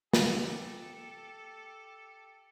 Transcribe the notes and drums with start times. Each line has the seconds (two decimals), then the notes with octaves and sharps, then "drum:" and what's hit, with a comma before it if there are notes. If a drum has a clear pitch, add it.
0.13 G4 A4, drum: snare